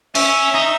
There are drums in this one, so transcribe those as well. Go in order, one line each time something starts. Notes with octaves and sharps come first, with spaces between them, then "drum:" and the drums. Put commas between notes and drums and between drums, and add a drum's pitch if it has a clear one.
C#4 E5, drum: open hi-hat
D#4